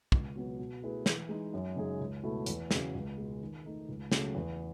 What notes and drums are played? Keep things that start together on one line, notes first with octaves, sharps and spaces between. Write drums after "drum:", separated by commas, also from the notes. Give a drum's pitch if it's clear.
C#2, drum: kick
B2 F#3 B3
B2
A3 E4 G#4 B4
E3, drum: snare
G#3 D#4
F#2
C#3 G#3 D#4 G#4
C#2
B2 A3 E4
E2, drum: hi-hat
C#3 F#3, drum: snare
C#2
B2 G#3
D#3
A3 D#4
C#2
C#3 F#3 A3 C#4, drum: snare
E2